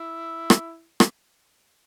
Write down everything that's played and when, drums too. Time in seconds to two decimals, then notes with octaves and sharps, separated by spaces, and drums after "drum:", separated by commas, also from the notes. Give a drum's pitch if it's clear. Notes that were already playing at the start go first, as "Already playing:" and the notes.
Already playing: E4
0.50 drum: rim click
1.00 drum: rim click